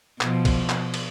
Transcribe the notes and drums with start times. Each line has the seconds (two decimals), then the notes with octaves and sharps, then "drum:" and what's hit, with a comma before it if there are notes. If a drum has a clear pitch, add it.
0.21 B2 F3, drum: clap
0.45 drum: kick B1, cymbal
0.69 drum: clap
0.94 drum: cymbal